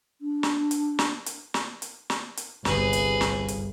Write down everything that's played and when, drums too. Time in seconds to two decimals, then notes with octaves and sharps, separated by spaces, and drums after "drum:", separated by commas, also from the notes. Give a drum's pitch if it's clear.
0.21 D4
0.43 drum: snare
0.71 drum: hi-hat
0.99 drum: snare
1.26 drum: hi-hat
1.54 drum: snare
1.82 drum: hi-hat
2.10 drum: snare
2.37 drum: hi-hat
2.65 G1 C2 G#4 B4, drum: snare
2.93 drum: hi-hat
3.21 drum: snare
3.48 drum: hi-hat